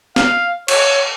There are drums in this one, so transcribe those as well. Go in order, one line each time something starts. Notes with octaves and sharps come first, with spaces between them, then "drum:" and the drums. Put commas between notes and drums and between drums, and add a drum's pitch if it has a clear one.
F5, drum: snare
C#5, drum: cymbal